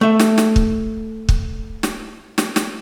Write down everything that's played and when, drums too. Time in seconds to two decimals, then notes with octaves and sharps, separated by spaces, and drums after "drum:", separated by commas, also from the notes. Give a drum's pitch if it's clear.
0.01 A3 E5
0.19 drum: snare
0.38 drum: snare
0.56 drum: kick
1.29 drum: kick
1.83 drum: snare
2.38 drum: snare
2.56 drum: snare